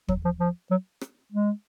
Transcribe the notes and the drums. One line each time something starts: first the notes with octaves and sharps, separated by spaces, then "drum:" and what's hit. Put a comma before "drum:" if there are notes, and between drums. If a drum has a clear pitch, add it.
F#3, drum: kick
F3
F3
F#3
drum: rim click
G#3